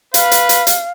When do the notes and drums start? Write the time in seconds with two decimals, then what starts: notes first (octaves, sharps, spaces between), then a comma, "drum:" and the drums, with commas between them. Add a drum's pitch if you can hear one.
0.14 B4 F5, drum: hi-hat
0.31 drum: hi-hat
0.49 drum: hi-hat
0.67 drum: hi-hat